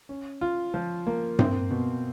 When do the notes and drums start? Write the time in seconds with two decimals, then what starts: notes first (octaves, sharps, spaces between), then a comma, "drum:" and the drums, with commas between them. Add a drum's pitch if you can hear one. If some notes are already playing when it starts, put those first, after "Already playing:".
0.09 C#4
0.41 F4
0.74 F3
1.07 A#3
1.39 C4, drum: tom G2
1.71 B2